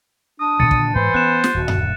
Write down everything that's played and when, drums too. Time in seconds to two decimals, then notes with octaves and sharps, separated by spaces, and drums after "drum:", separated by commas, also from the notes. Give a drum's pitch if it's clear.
0.40 D4 D#6
0.60 A#2 D3 D#3 A6 C#7 D#7
0.71 drum: kick
0.95 G#2 E3 G#3 C5
1.14 B3 C#4 F#6 E7
1.44 drum: snare
1.54 D#1 D2 B2
1.68 drum: tom F#2